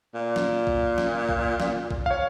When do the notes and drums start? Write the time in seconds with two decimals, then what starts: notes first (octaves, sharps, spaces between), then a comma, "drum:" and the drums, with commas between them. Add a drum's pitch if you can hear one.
0.14 A#2
0.36 drum: snare
0.67 drum: kick A#1
0.98 drum: snare
1.29 drum: kick A#1
1.60 drum: snare
1.91 drum: kick A#1
2.06 C#5 F5